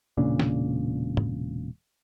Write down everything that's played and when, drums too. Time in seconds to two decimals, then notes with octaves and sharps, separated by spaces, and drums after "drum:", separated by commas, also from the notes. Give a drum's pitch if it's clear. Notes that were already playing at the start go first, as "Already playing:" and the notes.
0.17 E1 A#2 C#3 D4
0.39 drum: snare
1.17 drum: tom